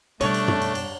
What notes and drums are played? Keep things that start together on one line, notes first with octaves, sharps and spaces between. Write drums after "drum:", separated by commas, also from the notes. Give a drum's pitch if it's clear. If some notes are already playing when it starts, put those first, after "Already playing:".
B2 G3 A3 D4 C#5, drum: cymbal
drum: cymbal
drum: tom
drum: cymbal
drum: cymbal